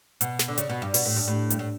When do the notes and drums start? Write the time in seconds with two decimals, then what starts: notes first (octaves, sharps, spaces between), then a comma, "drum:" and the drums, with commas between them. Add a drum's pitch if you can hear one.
0.21 B2, drum: hi-hat
0.39 drum: snare
0.48 D3
0.58 C#3, drum: hi-hat
0.69 B2
0.82 G2
0.94 B2, drum: open hi-hat
1.05 A2
1.16 G2
1.28 A2
1.50 G2, drum: hi-hat
1.59 A2